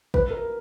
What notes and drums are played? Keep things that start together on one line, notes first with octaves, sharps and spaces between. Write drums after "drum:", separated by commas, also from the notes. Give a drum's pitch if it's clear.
B4, drum: kick A1
A#4